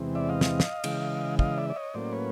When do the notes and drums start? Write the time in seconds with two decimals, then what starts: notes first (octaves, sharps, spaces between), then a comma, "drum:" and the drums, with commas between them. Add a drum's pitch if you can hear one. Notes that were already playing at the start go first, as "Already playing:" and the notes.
Already playing: E2 C3 E3 G#3 C4
0.15 D5 E5
0.29 D#5 F5
0.41 drum: snare
0.60 drum: snare
0.84 C#3 E3 G#3, drum: cymbal
1.39 D#5 F5, drum: kick
1.58 D5 E5
1.70 D5
1.76 C#5 D#5
1.94 A2 F#3 A#3 C#4 C5 D5
2.12 B4 C#5